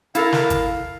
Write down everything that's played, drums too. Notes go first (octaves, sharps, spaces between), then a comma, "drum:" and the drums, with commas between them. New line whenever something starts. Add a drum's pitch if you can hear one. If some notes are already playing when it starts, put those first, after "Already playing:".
E4 A4 A#4 F5, drum: hi-hat
drum: snare
drum: kick G#1, hi-hat